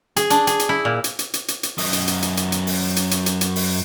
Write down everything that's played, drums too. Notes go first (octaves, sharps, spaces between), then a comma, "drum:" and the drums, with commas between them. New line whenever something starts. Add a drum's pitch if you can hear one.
G#4, drum: hi-hat
D4, drum: hi-hat
G#4, drum: hi-hat
drum: hi-hat
E4
A#2
drum: hi-hat
drum: hi-hat
drum: hi-hat
drum: hi-hat
drum: hi-hat
F#2 D#5, drum: open hi-hat
drum: hi-hat
drum: hi-hat
drum: hi-hat
drum: hi-hat
drum: hi-hat
drum: open hi-hat
drum: hi-hat
drum: hi-hat
drum: hi-hat
drum: hi-hat
drum: open hi-hat